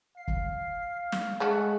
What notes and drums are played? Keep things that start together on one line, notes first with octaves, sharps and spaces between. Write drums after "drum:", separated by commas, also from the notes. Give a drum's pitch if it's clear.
F5 C7
drum: kick
drum: snare
C#3 G#3 A3 F#4 G#4